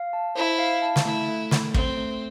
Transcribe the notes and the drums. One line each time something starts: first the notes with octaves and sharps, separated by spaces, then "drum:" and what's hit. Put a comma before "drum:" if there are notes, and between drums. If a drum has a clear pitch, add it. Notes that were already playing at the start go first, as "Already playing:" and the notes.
Already playing: F5
A5
E4 C5
F5
A5
drum: snare
A3 E4
A3
A3, drum: snare
A3 C4, drum: kick
A3